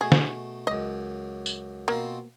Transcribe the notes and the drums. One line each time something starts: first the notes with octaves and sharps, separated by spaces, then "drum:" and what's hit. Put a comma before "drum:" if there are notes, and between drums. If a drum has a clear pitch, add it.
B2 A3 G#4
drum: snare
C#2 F#2 D#5
drum: tambourine
B2 A#3 C4 F4